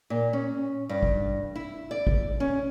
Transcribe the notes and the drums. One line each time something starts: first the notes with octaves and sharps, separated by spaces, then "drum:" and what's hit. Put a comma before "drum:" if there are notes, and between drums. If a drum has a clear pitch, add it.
A#2
C#4
G2
drum: kick
E4
D5
drum: kick
C#4